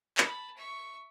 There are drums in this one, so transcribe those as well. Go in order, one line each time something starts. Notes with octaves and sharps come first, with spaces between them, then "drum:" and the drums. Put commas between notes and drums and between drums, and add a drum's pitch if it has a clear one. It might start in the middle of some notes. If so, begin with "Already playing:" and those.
A5 B5, drum: clap
E5 C#6